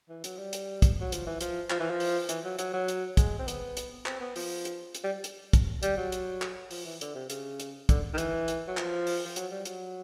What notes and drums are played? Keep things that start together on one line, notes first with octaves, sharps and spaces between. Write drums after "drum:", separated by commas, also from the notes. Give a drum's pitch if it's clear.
E3
F#3, drum: hi-hat
G3
drum: hi-hat
drum: kick, hi-hat
F#3
F3, drum: hi-hat
E3
F3, drum: hi-hat
F3, drum: clap
E3
F3
drum: open hi-hat
E3, drum: hi-hat
F#3
F#3, drum: hi-hat
F#3
drum: hi-hat
G#3, drum: kick, hi-hat
C4
B3, drum: hi-hat
drum: hi-hat
C4, drum: clap
B3
F3, drum: open hi-hat
drum: hi-hat
drum: hi-hat
G3
drum: hi-hat
drum: kick, hi-hat
G3, drum: hi-hat
F#3
drum: hi-hat
drum: clap
F3, drum: open hi-hat
E3
D3, drum: hi-hat
C3
C#3, drum: hi-hat
drum: hi-hat
D3, drum: kick, hi-hat
D#3
E3, drum: hi-hat
drum: hi-hat
F#3
F3, drum: clap
drum: open hi-hat
F3
F#3, drum: hi-hat
G3
F#3, drum: hi-hat